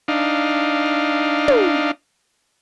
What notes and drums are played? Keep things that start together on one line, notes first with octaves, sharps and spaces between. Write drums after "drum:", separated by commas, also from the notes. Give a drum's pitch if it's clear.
D4 D#4 F5
drum: tom